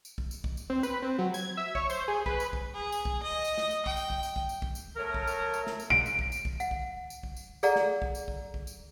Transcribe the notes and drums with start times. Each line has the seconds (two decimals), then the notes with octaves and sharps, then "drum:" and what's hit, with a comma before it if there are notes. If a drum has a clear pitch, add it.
0.05 drum: tambourine
0.18 drum: kick B1
0.31 drum: tambourine
0.44 drum: kick B1
0.57 drum: tambourine
0.70 C4
0.83 B4, drum: tambourine
1.02 C4
1.18 F#3
1.34 G#6, drum: tambourine
1.57 E5
1.75 C#5, drum: kick B1
1.90 C5, drum: tambourine
2.08 G#4
2.26 B4, drum: kick B1
2.40 drum: tambourine
2.53 drum: kick B1
2.74 G#4
2.92 drum: tambourine
3.05 drum: kick B1
3.23 D#5
3.45 drum: tambourine
3.58 drum: snare
3.71 drum: tambourine
3.86 G5, drum: kick B1
3.97 drum: tambourine
4.10 drum: kick B1
4.23 drum: tambourine
4.36 drum: kick B1
4.49 drum: tambourine
4.62 drum: kick B1
4.75 drum: tambourine
4.97 F#3 A3 A#4
5.14 drum: kick B1
5.27 drum: tambourine
5.54 drum: tambourine
5.67 drum: snare
5.80 drum: tambourine
5.90 D7, drum: kick B1
6.06 drum: tambourine
6.19 drum: kick B1
6.32 drum: tambourine
6.45 drum: kick B1
6.60 F#5, drum: tambourine
6.71 drum: kick B1
7.10 drum: tambourine
7.23 drum: kick B1
7.36 drum: tambourine
7.63 G#4 A4 D5 F#5 A#5, drum: tambourine
7.76 drum: snare
8.02 drum: kick B1
8.15 drum: tambourine
8.28 drum: kick B1
8.54 drum: kick B1
8.67 drum: tambourine